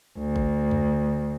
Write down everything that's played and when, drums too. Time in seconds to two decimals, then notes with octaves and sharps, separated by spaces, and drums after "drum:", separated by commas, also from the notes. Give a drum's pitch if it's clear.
0.18 D2
0.36 drum: kick G#1
0.71 drum: tom F2